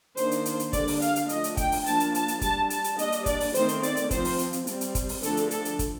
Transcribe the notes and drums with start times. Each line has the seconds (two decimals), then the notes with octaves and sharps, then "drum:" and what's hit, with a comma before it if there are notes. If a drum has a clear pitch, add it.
0.17 D#3 A#3 D4 C5, drum: hi-hat
0.31 drum: hi-hat
0.45 drum: hi-hat
0.59 drum: hi-hat
0.73 D3 G3 A#3 D4 D5, drum: kick, hi-hat
0.88 drum: open hi-hat
1.02 F5, drum: hi-hat
1.16 drum: hi-hat
1.29 F3 A3 D4 D#5, drum: hi-hat
1.44 drum: hi-hat
1.57 G5, drum: kick, hi-hat
1.72 drum: open hi-hat
1.86 F3 A#3 D4 A5, drum: hi-hat
2.00 drum: hi-hat
2.15 A5, drum: hi-hat
2.28 drum: hi-hat
2.41 G3 D4 A5, drum: kick, hi-hat
2.70 A5, drum: hi-hat
2.84 drum: hi-hat
2.99 G3 A#3 D4 D#5, drum: hi-hat
3.12 drum: hi-hat
3.26 D5, drum: kick, hi-hat
3.40 drum: open hi-hat
3.55 D#3 A3 C4 C5, drum: hi-hat
3.68 drum: hi-hat
3.83 D5, drum: hi-hat
3.97 drum: hi-hat
4.11 F3 C4 C5, drum: kick, hi-hat
4.25 drum: open hi-hat
4.39 drum: hi-hat
4.53 drum: hi-hat
4.67 G3 C4, drum: hi-hat
4.81 drum: hi-hat
4.95 drum: kick, hi-hat
5.09 drum: open hi-hat
5.23 D3 F3 A3 D4 A4, drum: hi-hat
5.37 drum: hi-hat
5.51 A4, drum: hi-hat
5.65 drum: hi-hat
5.79 drum: kick, hi-hat